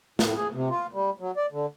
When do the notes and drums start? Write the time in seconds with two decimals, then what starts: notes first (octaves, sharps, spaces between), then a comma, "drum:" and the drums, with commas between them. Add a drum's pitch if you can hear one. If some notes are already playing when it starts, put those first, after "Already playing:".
0.19 A2, drum: snare
0.37 G#4
0.54 C3
0.70 F4
0.94 G3
1.20 F#3
1.37 D5
1.52 D3